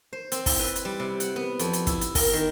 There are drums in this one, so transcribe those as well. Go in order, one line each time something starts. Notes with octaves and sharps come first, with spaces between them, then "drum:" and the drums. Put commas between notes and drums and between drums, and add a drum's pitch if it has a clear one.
C5
C4, drum: hi-hat
E4, drum: kick, open hi-hat
B4
drum: hi-hat
G3
C3
F#5, drum: hi-hat
B3
F2, drum: hi-hat
drum: hi-hat
E4, drum: kick, hi-hat
drum: hi-hat
A#4, drum: kick, open hi-hat
D#3